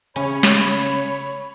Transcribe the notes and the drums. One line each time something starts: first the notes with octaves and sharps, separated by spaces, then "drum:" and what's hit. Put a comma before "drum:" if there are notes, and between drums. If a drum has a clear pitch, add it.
C#3 C#4 C#5 B5, drum: hi-hat
drum: snare